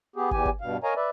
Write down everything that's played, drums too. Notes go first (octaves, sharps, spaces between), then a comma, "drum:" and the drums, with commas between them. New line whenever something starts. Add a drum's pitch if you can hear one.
B3 G4 G#4
E2 E3 G4 G#5, drum: kick
drum: kick
G2 B2 F5
A#4 C#5 D#5 F5 G#5 A#5
B4 D5 E5